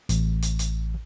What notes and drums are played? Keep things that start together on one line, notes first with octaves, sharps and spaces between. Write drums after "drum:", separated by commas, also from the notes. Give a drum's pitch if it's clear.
A1, drum: hi-hat
drum: hi-hat
drum: hi-hat